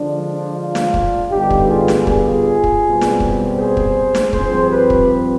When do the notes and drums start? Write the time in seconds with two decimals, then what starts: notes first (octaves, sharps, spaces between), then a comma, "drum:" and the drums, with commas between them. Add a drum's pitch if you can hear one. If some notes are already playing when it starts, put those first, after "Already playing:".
Already playing: D3 F3 G#3 D4
0.55 D4 F4
0.75 drum: snare
0.94 drum: kick
1.31 G2 D3 G3 B3 D#4 G4
1.50 drum: kick
1.69 F4 G#4
1.88 drum: snare
2.07 F4 G#4, drum: kick
2.64 drum: kick
2.82 B2 G3 C4
3.01 drum: snare
3.20 drum: kick
3.58 G#4 C5
3.77 drum: kick
4.15 drum: snare
4.33 G2 F3 C4 G#4 C5, drum: kick
4.71 G4 B4
4.90 drum: kick